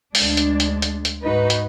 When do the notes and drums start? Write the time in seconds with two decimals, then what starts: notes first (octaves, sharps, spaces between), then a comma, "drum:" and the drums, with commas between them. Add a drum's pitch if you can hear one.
0.15 D2 G#3 D4, drum: open hi-hat
0.37 drum: hi-hat
0.60 drum: hi-hat
0.82 drum: hi-hat
1.05 drum: hi-hat
1.22 G#2 D#4 F#4 B4
1.50 drum: hi-hat